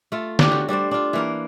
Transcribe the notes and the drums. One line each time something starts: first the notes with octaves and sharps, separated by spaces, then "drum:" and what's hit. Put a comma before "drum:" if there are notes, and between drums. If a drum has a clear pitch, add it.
A3 F4
D4 F4 G4, drum: snare
F#4
G3 D4 C5 D5
D4 F4
E3 A#3 A#4